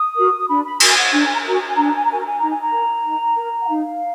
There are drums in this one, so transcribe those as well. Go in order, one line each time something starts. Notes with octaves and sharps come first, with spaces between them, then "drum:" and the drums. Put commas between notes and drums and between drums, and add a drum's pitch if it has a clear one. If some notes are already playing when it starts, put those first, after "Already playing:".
Already playing: D#6
F#4 A#4
D4 B5
B5
F#4 A#4 G#5, drum: cymbal
F#5
D4 G#5
A#5
G#5
A#5
G#5
F#4 A#4 A#5
G#5
A#5
G#5
D4 A#5
G#5
A#5
G#5
A#5
F#4 A#4 G#5
A#5
G#5
D#4 A#5
G#5
A#5
A#4
D#4
A#4
F#5
D#4 F5